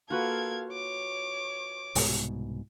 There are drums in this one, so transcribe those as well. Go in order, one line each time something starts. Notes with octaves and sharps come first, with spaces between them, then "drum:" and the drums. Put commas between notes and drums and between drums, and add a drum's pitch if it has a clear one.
A#3 F4 F#4 A4 B4 F5 G#6
C#5 D6
C2 G#2 B2, drum: open hi-hat